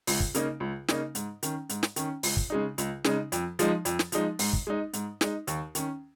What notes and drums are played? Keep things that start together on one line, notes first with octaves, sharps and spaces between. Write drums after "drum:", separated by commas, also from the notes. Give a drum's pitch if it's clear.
C#2, drum: open hi-hat
drum: kick
C#3 A#3 D#4, drum: hi-hat
C#2
C#3 A#3 D#4, drum: snare
G#2, drum: hi-hat
D#3 C#4, drum: hi-hat
G#2, drum: hi-hat
drum: snare
D#3 C#4, drum: hi-hat
C#2, drum: open hi-hat
drum: kick
C#3 G#3 D#4
C#2, drum: hi-hat
C#3 G#3 D#4, drum: snare
F2, drum: hi-hat
F3 G#3 D#4, drum: hi-hat
F2, drum: hi-hat
drum: snare
F3 G#3 D#4, drum: hi-hat
G#2, drum: open hi-hat
drum: kick
G#3 D#4
G#2, drum: hi-hat
G#3 D#4, drum: snare
D#2, drum: hi-hat
D#3 C#4, drum: hi-hat